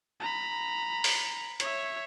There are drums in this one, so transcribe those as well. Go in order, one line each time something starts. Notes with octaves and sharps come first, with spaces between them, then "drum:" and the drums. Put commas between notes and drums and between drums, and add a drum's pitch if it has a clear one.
A#5 B5
drum: open hi-hat
C#5 E5, drum: hi-hat